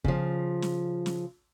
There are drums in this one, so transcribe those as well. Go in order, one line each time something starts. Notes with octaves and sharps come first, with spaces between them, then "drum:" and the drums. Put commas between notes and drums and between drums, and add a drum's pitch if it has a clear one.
C#3 F3, drum: kick
drum: snare
drum: snare